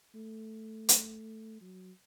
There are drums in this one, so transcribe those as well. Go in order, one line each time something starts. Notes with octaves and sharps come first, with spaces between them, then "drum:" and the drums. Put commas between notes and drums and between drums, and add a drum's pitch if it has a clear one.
A3
drum: hi-hat
F#3